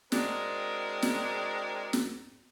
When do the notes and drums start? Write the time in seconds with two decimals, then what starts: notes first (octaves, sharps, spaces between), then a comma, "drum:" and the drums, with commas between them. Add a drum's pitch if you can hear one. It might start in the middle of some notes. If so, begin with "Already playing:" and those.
0.12 G#3 C4 D4 F#4 A#4, drum: snare
1.02 drum: snare
1.93 drum: snare